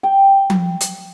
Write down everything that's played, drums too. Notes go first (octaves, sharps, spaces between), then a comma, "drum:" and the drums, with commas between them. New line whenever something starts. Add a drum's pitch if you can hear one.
G5
drum: tom F3
drum: hi-hat